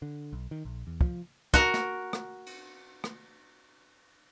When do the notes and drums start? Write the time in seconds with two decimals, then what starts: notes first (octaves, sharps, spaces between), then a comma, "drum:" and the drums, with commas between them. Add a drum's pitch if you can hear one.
0.02 D3
0.33 B1
0.51 D#3
0.65 A#1
0.87 E2
1.01 F3, drum: kick
1.54 F#4 A#4, drum: kick
1.74 drum: snare
2.13 drum: rim click
2.46 drum: cymbal
3.04 drum: rim click